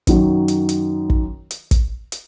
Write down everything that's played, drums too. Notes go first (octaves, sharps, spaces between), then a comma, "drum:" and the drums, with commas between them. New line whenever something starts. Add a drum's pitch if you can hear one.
F#2 D#3 F#3, drum: kick, hi-hat
drum: hi-hat
drum: hi-hat
drum: kick
drum: hi-hat
drum: kick, hi-hat
drum: hi-hat